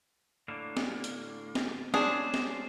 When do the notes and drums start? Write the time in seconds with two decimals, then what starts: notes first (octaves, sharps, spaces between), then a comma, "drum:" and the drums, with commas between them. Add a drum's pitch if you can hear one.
0.48 A2 D3 A#3
0.77 drum: snare
1.04 drum: hi-hat
1.55 drum: snare
1.94 G#3 C#4 D4 G#4 C5, drum: snare
2.34 drum: snare